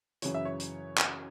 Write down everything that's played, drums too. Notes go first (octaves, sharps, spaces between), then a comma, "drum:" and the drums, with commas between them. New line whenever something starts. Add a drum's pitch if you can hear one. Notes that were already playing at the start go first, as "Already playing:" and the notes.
F#2 C#3 E3 C#5, drum: hi-hat
E5
C#5
drum: hi-hat
drum: clap